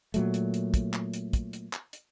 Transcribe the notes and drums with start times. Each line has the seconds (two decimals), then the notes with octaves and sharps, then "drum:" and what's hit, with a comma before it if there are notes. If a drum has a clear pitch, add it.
0.14 A#2 F#3 A3, drum: hi-hat
0.34 drum: hi-hat
0.54 drum: hi-hat
0.74 drum: kick, hi-hat
0.94 drum: clap
1.14 drum: hi-hat
1.33 drum: kick, hi-hat
1.53 drum: hi-hat
1.73 drum: clap
1.93 drum: hi-hat